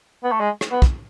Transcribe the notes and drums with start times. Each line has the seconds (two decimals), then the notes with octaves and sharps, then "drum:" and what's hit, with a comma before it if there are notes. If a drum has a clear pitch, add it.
0.24 B3
0.32 A3
0.40 G#3
0.61 drum: rim click
0.72 B3
0.82 drum: kick